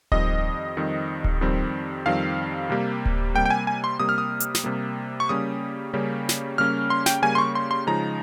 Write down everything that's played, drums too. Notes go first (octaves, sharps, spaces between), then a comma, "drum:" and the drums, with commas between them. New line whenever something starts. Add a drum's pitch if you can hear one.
F2 D#3 G3 C4 D#5, drum: kick D1
F2 D#3 G3 C4
drum: kick D1
F2 D#3 G3 C4
F2 D#3 G3 C4 F5
C3 G3 A#3
drum: kick D1
C3 G3 A#3 G5
G5
G#5
G#5
C6
C3 G3 A#3 D#6
F6
D#6
drum: hi-hat
drum: snare
C3 G3 A#3
C#6
C#3 G3 A#3 C#4 D#6
C#3 G3 A#3 C#4
drum: snare
C#3 G3 A#3 C#4 F6
C6
G5, drum: snare
C#3 G3 A#3 C#4 G#5
C6
C#6
C6
C6
C#3 F3 G#3 D#4 A#5